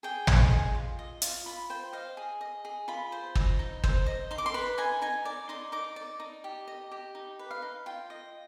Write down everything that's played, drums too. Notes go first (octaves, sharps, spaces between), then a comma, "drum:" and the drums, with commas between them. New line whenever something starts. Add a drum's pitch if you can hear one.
G#4 G5
D#5 G#5, drum: tom
G#4 C6
F4
D#5
F4, drum: hi-hat
F4 B5
C5 G5
D#5 F5
G#4
D#5
G#4
F4 B5
C5
D#5, drum: kick
D#4
C5, drum: kick
D#5
D#4 C6
D6
C6
B4 B5
D#4 G#5
D#4 G#5
D5
D#4 C6
D#4 D6
D5
D#4
G4
D#5
G4
D#4
B4
F5
D#4
F4 G5
D#5